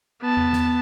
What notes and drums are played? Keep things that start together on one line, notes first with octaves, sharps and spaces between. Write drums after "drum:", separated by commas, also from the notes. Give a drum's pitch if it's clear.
B3 A5
drum: tom E2
drum: snare